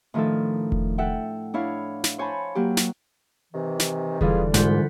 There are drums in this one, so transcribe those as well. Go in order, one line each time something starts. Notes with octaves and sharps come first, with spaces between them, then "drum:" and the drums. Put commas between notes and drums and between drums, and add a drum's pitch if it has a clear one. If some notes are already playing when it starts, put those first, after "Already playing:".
A2 D#3 F3 A3 D4 A4
drum: kick E1
A4 E5 F#5 G5
D4 E4 C#5 F5
drum: snare
C5 C#5 G#5 A5 B5
F#3 A#3 G4
drum: snare
C3 D#3 E3
drum: snare
D3 E3 G3 B3 F4 G#4, drum: kick E1
C2 G#2 F4 F#5 B5 G6, drum: snare